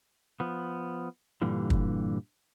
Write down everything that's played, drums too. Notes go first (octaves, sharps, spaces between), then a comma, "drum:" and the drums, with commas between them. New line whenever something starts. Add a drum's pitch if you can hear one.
F3 B3
G2 A#2 D3 E3 G3
drum: kick